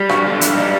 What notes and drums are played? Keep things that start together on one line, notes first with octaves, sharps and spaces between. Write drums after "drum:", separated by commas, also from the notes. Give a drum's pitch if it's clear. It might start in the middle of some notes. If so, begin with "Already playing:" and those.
Already playing: G3
G2 F#4, drum: rim click
D3 F4
G2 E4, drum: hi-hat
G3 D#4